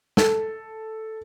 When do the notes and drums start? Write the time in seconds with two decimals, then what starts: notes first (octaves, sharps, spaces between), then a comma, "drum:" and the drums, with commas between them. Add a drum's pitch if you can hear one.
0.17 A4, drum: snare